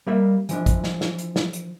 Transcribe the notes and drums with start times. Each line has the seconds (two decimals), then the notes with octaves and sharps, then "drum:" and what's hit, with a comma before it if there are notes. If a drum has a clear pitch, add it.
0.07 G3 A#3 E5
0.49 E3 F3 D4, drum: hi-hat
0.66 drum: kick, hi-hat
0.84 drum: snare
1.01 drum: snare
1.18 drum: hi-hat
1.36 drum: snare
1.53 drum: hi-hat